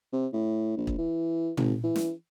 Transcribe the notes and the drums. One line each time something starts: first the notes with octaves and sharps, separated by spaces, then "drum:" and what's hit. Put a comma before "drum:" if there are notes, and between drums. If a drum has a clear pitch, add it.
C3
A2
A#1
drum: kick
E3
G#1, drum: tom
E3
drum: snare